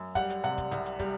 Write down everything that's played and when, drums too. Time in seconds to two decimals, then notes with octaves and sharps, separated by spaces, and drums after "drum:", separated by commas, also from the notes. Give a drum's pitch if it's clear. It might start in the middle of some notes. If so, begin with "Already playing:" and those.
Already playing: F#2
0.15 G3 F#5, drum: kick, hi-hat
0.30 drum: hi-hat
0.44 C3 F#5, drum: hi-hat
0.58 drum: kick, hi-hat
0.72 C2, drum: hi-hat
0.86 drum: hi-hat
1.00 G3, drum: kick, hi-hat